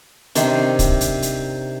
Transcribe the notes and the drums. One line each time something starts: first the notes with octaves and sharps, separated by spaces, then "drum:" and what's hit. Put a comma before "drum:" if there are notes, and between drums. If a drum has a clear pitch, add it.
C3 D#3 D4 C5, drum: hi-hat
drum: kick, hi-hat
drum: hi-hat
drum: hi-hat